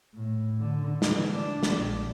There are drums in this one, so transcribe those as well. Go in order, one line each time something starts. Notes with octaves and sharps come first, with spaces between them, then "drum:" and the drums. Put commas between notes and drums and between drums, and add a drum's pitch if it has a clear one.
A2
D3
E3, drum: snare
D4
drum: snare
A#1